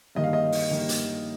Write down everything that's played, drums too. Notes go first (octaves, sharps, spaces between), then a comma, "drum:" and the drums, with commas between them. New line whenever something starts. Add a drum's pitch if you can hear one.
G2 D#3 A#3 D#5
F5
D#5
drum: open hi-hat
G2 D#3 A#3
drum: hi-hat